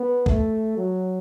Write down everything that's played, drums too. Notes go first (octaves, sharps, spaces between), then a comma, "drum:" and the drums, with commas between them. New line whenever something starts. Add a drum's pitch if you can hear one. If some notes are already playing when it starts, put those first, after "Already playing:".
Already playing: B3
A3, drum: kick C#2
F#3